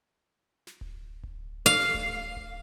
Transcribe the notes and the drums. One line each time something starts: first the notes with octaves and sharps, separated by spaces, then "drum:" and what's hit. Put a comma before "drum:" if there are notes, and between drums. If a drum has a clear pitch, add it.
drum: snare
drum: kick D1
drum: kick D1
F5
drum: snare
drum: kick D1
drum: kick D1